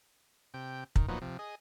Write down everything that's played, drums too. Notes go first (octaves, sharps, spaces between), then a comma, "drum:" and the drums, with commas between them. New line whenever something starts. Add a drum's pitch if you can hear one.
C3 G5
D#3, drum: kick
A#2 F3 F#3 B3 D#4
C3 F3
G#4 D#5